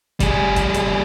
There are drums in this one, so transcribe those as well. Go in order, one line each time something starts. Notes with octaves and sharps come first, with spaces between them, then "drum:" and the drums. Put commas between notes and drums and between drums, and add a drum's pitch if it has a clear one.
G3 G#4, drum: kick F#1, hi-hat
drum: kick F#1, hi-hat
drum: hi-hat